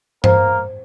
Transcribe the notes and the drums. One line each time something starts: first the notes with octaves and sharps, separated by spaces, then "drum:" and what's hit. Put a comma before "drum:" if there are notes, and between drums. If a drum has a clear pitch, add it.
A#3 A#4 C5, drum: tom G2